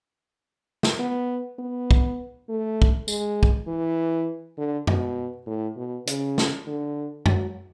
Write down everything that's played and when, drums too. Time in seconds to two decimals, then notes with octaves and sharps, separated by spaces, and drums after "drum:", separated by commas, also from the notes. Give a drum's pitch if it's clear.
0.83 drum: snare
0.99 B3
1.59 B3
1.91 drum: kick
2.49 A3
2.82 drum: kick
3.08 G#3, drum: tambourine
3.43 drum: kick
3.67 E3
4.58 D3
4.87 B2, drum: tom F#2
5.47 A2
5.77 B2
6.07 C#3, drum: hi-hat
6.38 drum: snare
6.67 D3
7.26 F#3, drum: tom F#2